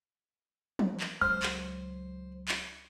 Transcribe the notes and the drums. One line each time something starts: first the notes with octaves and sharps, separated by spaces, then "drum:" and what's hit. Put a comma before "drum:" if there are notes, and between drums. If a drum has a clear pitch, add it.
drum: tom
drum: clap
C#2 F#3 C5 F6
drum: clap
drum: clap